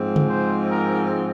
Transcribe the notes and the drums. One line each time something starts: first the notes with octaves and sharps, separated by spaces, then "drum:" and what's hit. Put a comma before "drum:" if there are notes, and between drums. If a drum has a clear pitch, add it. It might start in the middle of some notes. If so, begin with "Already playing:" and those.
Already playing: G#2 F3 G#3 C4
drum: tom C#3
C5
A#4